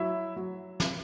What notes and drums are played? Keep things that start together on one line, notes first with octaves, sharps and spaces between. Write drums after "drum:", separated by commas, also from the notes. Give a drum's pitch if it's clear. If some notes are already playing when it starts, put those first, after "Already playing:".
Already playing: F#3 E4 E5
F#3
drum: snare